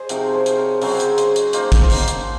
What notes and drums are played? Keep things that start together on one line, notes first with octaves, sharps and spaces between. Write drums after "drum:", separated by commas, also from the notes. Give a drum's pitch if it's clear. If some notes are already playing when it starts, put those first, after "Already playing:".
Already playing: G#4 C5 D#5
C3 F3 C4 D#4 F#4 A#4, drum: hi-hat
G#4 C5
drum: hi-hat
A#4 C#5
C#3 F#3 C4 C5 D#5, drum: open hi-hat
drum: hi-hat
C5 D#5, drum: hi-hat
drum: hi-hat
F3 A#3 D#4 C5 D#5, drum: hi-hat
drum: kick A1, hi-hat
drum: open hi-hat
drum: hi-hat